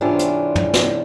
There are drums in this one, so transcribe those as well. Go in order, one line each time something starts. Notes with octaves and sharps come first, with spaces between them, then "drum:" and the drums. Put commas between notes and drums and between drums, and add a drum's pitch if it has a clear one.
G#2 C3 E3 C#4 D4 F4
drum: hi-hat
drum: tom
drum: snare